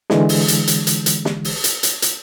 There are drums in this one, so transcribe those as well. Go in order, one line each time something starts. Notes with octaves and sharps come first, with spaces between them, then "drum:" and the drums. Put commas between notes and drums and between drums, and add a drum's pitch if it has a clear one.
D3 E3 G#3, drum: snare
drum: open hi-hat
drum: hi-hat
drum: hi-hat
drum: hi-hat
drum: hi-hat
drum: snare
drum: open hi-hat
drum: hi-hat
drum: hi-hat
drum: hi-hat